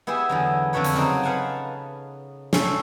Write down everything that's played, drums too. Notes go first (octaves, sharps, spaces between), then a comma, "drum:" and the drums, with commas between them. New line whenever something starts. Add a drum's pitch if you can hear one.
B3 E4 G4 G#4 E5
E2 D3 F#3
F2 D3 D4 B4 C#5 B5
drum: hi-hat
C#3 F#3 C4 D#4
B4 F5 F#5 G#5 A5
C#4 A4, drum: snare